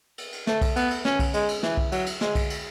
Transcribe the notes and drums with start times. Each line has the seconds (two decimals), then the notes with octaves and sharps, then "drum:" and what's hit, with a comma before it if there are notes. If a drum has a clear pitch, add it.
0.18 drum: cymbal
0.32 drum: cymbal
0.47 A3, drum: snare
0.61 drum: kick B1, cymbal
0.76 B3, drum: cymbal
0.90 drum: cymbal
1.05 C#4, drum: snare
1.19 drum: kick B1, cymbal
1.34 G#3, drum: cymbal
1.48 drum: cymbal
1.63 E3, drum: snare
1.77 drum: kick B1
1.92 F#3, drum: cymbal
2.06 drum: cymbal
2.21 G#3, drum: snare
2.35 drum: kick B1, cymbal
2.50 drum: cymbal